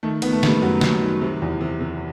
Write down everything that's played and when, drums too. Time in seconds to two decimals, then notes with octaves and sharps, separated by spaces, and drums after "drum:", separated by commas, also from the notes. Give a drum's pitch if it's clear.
0.03 D#3 A3
0.22 D#3 B3, drum: cymbal
0.32 A3
0.43 D#3 G3, drum: snare
0.62 F#2 F#3
0.81 F#2, drum: snare
1.02 D#3
1.21 C3
1.42 E2
1.61 C3
1.80 C3